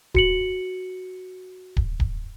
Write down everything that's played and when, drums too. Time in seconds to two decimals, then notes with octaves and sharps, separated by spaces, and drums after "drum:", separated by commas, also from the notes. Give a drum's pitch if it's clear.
0.15 F#4 C#7 F#7, drum: kick D1
1.77 drum: kick D1
2.00 drum: kick D1